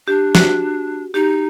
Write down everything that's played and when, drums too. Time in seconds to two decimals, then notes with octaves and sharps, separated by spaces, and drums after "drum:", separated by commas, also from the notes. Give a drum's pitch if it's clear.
0.07 D4 G4
0.35 F#4, drum: snare
1.14 D#4 G4